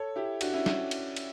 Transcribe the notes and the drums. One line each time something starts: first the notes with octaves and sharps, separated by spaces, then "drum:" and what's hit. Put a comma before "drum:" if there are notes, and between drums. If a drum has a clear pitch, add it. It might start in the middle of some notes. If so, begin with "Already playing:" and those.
Already playing: A4 C#5
E4 G4
D4 F#4, drum: cymbal
C#4 E4
drum: snare
drum: cymbal
drum: cymbal